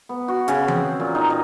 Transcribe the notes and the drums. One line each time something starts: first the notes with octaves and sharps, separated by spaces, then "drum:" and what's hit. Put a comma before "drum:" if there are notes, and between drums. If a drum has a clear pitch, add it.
B3
F#4
C#3, drum: hi-hat
C4, drum: tom E3
A#2
D#4
D#5